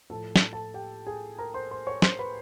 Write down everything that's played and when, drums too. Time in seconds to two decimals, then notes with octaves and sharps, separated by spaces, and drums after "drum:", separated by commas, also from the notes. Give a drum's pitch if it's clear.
0.10 A2 F3 A4 A5
0.36 drum: snare
0.52 A4 A5
0.74 G4 G5
1.07 G#4 G#5
1.38 A#4 A#5
1.54 C5 C6
1.71 C5 C6
1.87 C#5 C#6
2.02 C5 C6, drum: snare
2.19 B4 B5